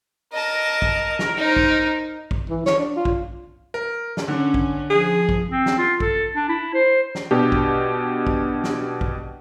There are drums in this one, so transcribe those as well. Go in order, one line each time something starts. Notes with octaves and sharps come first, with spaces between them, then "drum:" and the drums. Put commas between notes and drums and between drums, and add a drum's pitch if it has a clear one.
A#4 D#5 A5
drum: kick
drum: snare
D#4 C5
drum: kick
drum: kick
E3
C#5, drum: snare
D4
F4
drum: kick
A#4
drum: snare
D3 C#4
drum: kick
F3 G#4
drum: kick
C4
drum: snare
F4
A4, drum: kick
D4
E4
C5
drum: snare
B2 D4 G4
drum: kick
drum: kick
drum: snare
drum: kick